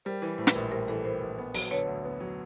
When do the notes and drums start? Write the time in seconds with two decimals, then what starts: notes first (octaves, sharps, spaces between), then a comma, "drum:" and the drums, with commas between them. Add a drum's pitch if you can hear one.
0.05 G3 A#4 C5
0.22 E3
0.38 A2 C5
0.47 B4, drum: snare
0.54 A#1 A#4 C5
0.71 G3 A#4 C5
0.88 E3 A4 B4
1.05 A2 A#4 C5
1.21 A#1
1.38 B3
1.54 F#3, drum: open hi-hat
1.71 D3 B4 C#5
1.87 D2
2.05 B3
2.20 F#3